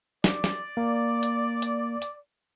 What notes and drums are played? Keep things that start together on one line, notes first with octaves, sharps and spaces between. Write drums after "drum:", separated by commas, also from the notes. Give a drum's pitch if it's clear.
D5, drum: snare
drum: snare
A#3
drum: hi-hat
drum: hi-hat
drum: hi-hat